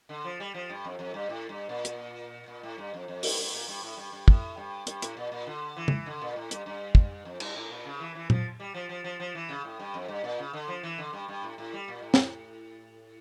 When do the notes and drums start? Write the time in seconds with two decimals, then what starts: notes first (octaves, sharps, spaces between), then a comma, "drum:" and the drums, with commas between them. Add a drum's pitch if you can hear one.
0.09 D3
0.25 F3
0.40 G3
0.54 F3
0.70 G2
0.85 F2
0.99 F2
1.14 G2
1.29 A2
1.49 G2
1.69 A#2
1.85 drum: hi-hat
2.48 A#2
2.63 A2
2.78 G2
2.94 F2
3.08 F2
3.23 G2, drum: open hi-hat
3.38 G2
3.53 A#2
3.68 G2
3.83 A2
3.97 G2
4.12 G2
4.28 A2, drum: kick
4.57 G2
4.87 G2, drum: hi-hat
5.02 A2, drum: hi-hat
5.17 A#2
5.32 A#2
5.47 D3
5.77 E3
5.88 drum: tom C#3
6.06 D3
6.21 A#2
6.36 A2
6.51 G2, drum: hi-hat
6.66 G2
6.95 drum: kick
7.25 F2
7.40 G2, drum: cymbal
7.56 A2
7.70 A#2
7.85 C#3
8.00 E3
8.15 E3
8.30 F3, drum: tom A#2
8.60 G3
8.74 F3
8.89 F3
9.04 F3
9.20 F3
9.35 E3
9.49 C#3
9.64 A2
9.80 G2
9.94 F2
10.08 G2
10.24 A#2
10.39 C#3
10.53 D3
10.68 F3
10.83 E3
10.98 D3
11.13 G2
11.28 G2
11.43 A2
11.58 A2
11.73 G3
11.88 A#2
12.02 A2
12.14 drum: snare